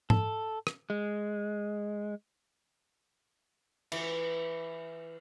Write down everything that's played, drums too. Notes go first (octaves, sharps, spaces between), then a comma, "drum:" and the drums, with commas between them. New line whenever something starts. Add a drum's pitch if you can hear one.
A4, drum: tom G#2
drum: rim click
G#3
E3, drum: cymbal